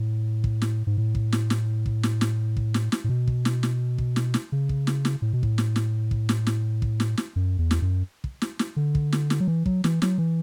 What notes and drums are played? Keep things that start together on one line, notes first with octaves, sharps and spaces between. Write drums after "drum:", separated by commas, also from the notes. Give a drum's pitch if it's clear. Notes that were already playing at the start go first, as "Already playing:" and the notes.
Already playing: A2
drum: kick
drum: snare
G#2
A2
drum: kick
drum: snare
drum: snare
drum: kick
drum: snare
drum: snare
drum: kick
drum: snare
drum: snare
A2
B2
drum: kick
drum: snare
drum: snare
drum: kick
drum: snare
drum: snare
C#3
drum: kick
drum: snare
drum: snare
A2
B2
A2, drum: kick
drum: snare
drum: snare
drum: kick
drum: snare
drum: snare
drum: kick
drum: snare
drum: snare
F#2
E2
drum: snare
F#2
drum: kick
drum: snare
drum: snare
D3
drum: kick
drum: snare
drum: snare
F#3
E3
F#3, drum: kick
E3, drum: snare
F#3, drum: snare
E3